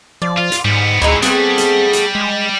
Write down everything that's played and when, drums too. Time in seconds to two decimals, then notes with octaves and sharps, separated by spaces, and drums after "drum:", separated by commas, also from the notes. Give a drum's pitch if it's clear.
0.22 F3 D5
0.37 F4
0.52 drum: hi-hat
0.65 G#2 G3 B3
1.02 D2 A2 G#3 D#4 E4
1.22 G3 A3 B3 C4 G#4, drum: hi-hat
1.58 drum: hi-hat
1.93 drum: hi-hat
2.15 G#3